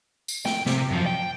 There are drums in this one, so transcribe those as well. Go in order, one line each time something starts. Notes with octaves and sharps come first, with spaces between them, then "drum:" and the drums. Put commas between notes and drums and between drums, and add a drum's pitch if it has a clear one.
drum: tambourine
G5, drum: snare
C3, drum: snare
F#2 F3
G5